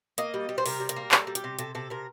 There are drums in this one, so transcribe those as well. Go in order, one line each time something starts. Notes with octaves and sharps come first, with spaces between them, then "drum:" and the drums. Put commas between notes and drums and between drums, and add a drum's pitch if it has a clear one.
A#3 D#5, drum: hi-hat
G3
G3
C5
C3 A#4, drum: open hi-hat
G3
A#4, drum: hi-hat
A#3
G3 A4, drum: clap
G3
G4, drum: hi-hat
C3
C3 A4, drum: hi-hat
C3 A4
C3 A#4